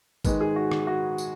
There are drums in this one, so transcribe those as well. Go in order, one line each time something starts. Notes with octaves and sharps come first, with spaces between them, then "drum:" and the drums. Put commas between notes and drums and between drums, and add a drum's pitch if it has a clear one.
G#2 D#3 G#3 B4, drum: kick G#1, tambourine
G#4
F#4
drum: rim click
F#4
drum: tambourine